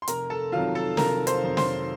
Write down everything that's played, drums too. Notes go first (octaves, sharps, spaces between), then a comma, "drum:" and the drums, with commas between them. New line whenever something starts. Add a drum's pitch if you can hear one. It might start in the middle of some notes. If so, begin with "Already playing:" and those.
C6
F1 A#4 A#5, drum: hi-hat
A4 A5
F2 D#3 F#3 F4 F5
A4 A5
F1 A#4 A#5, drum: snare
C5 C6, drum: hi-hat
F2 D#3 F#3
C5 C6, drum: snare